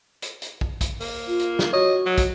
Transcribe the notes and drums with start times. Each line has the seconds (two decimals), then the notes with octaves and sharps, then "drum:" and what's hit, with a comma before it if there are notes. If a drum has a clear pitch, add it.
0.22 drum: hi-hat
0.42 drum: hi-hat
0.61 drum: kick
0.81 drum: kick, hi-hat
1.00 A#3, drum: open hi-hat
1.28 F4
1.39 drum: hi-hat
1.59 drum: snare
1.73 F#4 C#5 D#5
2.06 F#3
2.18 drum: kick, hi-hat